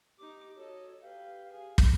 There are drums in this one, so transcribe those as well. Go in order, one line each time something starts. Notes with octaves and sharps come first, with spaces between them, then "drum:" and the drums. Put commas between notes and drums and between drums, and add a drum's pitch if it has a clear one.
D#4 G4 D6
F#4 A4 C#5 D#5
G4 B4 F5 G5
G#4 G#5
drum: kick